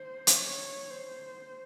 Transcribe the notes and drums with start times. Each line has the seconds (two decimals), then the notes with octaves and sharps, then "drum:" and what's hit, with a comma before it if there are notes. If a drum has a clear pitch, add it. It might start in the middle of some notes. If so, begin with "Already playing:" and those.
Already playing: C5
0.27 C#5, drum: hi-hat
0.91 C5